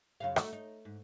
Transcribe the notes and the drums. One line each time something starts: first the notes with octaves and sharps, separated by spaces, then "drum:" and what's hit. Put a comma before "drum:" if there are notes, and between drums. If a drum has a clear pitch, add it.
F#2 C#3 F5
A3 D#4 F#4, drum: rim click
D#4
G#2